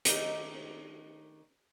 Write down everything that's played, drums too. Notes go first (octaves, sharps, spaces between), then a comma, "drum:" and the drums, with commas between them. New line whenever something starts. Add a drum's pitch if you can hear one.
D#3 A3 D4 D#4 G4, drum: hi-hat